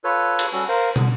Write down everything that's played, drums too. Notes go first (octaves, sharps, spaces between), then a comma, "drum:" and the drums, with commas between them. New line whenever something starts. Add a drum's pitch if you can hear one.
F4 A4 B4 C#5
drum: cymbal
G3 C#4 F#4 A4
A#4 C5 F5
D3, drum: tom